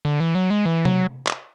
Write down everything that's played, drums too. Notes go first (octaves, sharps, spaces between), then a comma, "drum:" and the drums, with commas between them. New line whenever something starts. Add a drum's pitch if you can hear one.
D3
E3
F#3
G#3
E3
F#3, drum: tom C3
drum: clap